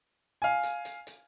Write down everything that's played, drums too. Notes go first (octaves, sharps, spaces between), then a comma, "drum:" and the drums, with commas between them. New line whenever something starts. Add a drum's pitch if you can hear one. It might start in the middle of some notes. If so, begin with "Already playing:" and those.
F5 G#5
drum: hi-hat
drum: hi-hat
drum: hi-hat